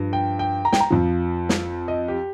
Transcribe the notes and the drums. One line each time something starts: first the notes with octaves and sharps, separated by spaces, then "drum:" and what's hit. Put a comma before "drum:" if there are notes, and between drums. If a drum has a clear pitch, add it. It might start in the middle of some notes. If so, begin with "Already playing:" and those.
Already playing: G2 F3
G5
G5
A#5
G5, drum: snare
A#5
F2 F3
drum: snare
D#5
G4